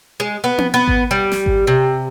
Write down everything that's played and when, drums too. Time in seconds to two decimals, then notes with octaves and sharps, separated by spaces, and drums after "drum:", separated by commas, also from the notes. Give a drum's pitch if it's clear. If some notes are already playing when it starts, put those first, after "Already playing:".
0.20 G#3
0.44 B3
0.58 drum: tom C4
0.74 B3
0.88 drum: kick G#1
1.11 G3
1.32 drum: snare
1.46 drum: kick G#1
1.67 C3